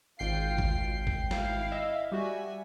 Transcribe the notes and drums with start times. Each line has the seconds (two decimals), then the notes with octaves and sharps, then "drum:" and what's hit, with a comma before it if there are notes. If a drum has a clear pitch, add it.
0.19 G#1 F4 G5 C7
0.59 drum: kick A1
1.07 drum: kick A1
1.31 E4 F5, drum: snare
1.72 D#5 E5
2.12 G3 F#4 E5 G#5